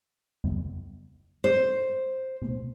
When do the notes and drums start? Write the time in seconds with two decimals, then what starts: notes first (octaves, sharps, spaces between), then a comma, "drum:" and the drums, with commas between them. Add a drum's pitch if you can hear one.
0.44 drum: tom F2
1.44 C5
2.42 drum: tom B2